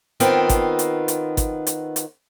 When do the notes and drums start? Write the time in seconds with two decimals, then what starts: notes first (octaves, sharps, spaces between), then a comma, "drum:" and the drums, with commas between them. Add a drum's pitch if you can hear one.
0.20 D#3 B3 C4 F4, drum: hi-hat
0.49 drum: kick, hi-hat
0.79 drum: hi-hat
1.08 drum: hi-hat
1.37 drum: kick, hi-hat
1.67 drum: hi-hat
1.96 drum: hi-hat